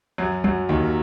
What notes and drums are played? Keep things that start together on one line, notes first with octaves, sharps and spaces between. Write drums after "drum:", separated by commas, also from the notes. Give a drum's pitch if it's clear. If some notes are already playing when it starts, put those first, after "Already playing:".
F#2 F#3
F#2 F#3, drum: tom
D#2 D#3